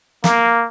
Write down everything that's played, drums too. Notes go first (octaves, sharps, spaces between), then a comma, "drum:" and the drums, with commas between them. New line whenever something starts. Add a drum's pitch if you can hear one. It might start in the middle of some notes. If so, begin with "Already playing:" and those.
A#3, drum: snare